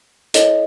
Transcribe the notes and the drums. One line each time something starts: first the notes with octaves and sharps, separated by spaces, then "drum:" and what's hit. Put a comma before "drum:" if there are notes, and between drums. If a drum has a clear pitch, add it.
E4 A4 C#5 D#5, drum: hi-hat